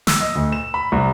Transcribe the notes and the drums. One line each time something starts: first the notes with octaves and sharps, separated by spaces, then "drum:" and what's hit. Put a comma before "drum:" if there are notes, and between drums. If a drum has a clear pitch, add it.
E6, drum: snare
D#5
D2
E7
B5
C2